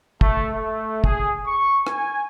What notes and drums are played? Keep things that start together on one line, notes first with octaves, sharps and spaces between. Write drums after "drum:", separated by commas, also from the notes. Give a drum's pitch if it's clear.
A3, drum: kick
A3
G#4, drum: kick
C#6
G#5, drum: rim click